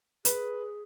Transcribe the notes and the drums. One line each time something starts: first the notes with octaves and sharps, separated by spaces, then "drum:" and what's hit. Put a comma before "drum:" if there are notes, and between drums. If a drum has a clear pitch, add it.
G#4 B4, drum: hi-hat